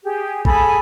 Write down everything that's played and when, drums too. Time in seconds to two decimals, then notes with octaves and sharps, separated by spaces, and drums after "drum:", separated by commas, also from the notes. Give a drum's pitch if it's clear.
0.04 G4 G#4
0.45 G#4 A4 G#5 B5, drum: kick A1